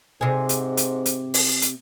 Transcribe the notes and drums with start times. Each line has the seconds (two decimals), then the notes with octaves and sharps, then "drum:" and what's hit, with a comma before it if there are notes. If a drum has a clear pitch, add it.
0.21 G#2 C3 G#4
0.49 drum: hi-hat
0.77 drum: hi-hat
1.06 drum: hi-hat
1.34 drum: open hi-hat
1.62 drum: hi-hat